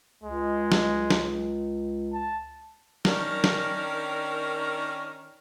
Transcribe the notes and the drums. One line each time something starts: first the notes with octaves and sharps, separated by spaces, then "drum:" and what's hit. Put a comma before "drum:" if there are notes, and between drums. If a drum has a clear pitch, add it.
C#2 G#3
drum: snare
drum: snare
A5
D#3 C#4 D4 A#4, drum: snare
drum: snare